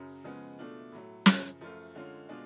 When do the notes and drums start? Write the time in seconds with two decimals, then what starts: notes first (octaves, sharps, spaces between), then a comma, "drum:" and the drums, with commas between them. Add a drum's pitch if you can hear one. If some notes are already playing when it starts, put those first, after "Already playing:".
Already playing: F#2 C#3 F#3
0.24 C#3 F3 G#3 B3
0.59 B2 A3 D4 F4
0.92 A2 F#3 A3
1.26 F#2 C#3 F3, drum: snare
1.61 F#2 F3 A3 F4
1.95 D3 G#3 C#4 F4
2.29 B2 G#3 D4 F4